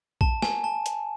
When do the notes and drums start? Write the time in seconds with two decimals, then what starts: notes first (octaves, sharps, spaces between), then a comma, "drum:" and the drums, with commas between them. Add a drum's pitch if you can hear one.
0.21 A5, drum: kick
0.42 G#5, drum: snare
0.64 A5
0.86 drum: hi-hat